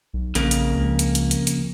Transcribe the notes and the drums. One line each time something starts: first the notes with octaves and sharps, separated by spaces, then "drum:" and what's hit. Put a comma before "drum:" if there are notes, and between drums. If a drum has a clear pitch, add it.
B1
A#1 F2 C#3 A#3, drum: hi-hat
drum: hi-hat
C#2
drum: hi-hat
drum: hi-hat
drum: hi-hat
drum: hi-hat